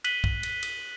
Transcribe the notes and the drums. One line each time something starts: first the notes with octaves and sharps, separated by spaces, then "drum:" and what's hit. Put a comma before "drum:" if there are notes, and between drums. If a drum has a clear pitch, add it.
F#6 B6 D#7 F#7 G7, drum: cymbal
drum: kick
drum: cymbal
drum: cymbal